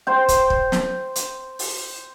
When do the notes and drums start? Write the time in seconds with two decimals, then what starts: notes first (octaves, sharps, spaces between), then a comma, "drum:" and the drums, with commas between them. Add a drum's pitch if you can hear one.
0.07 C5 G5
0.28 drum: kick, hi-hat
0.50 drum: kick
0.72 drum: snare
1.16 drum: hi-hat
1.59 drum: open hi-hat